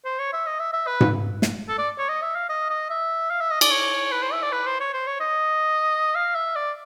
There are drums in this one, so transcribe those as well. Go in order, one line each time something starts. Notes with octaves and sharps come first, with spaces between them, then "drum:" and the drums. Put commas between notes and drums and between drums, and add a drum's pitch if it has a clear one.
C5
C#5
E5
D#5
E5
E5
B4
drum: tom G#2
drum: snare
A4
D5
C#5
D#5
E5
F5
D#5
D#5
E5
F5
E5
D#5
D5, drum: cymbal
C#5
B4
C5
E5
D5
B4
C5
C#5
C5
C#5
D#5
F5
E5
D5